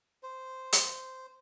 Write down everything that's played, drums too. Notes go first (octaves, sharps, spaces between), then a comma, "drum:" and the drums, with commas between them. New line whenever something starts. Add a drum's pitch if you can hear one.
C5
drum: hi-hat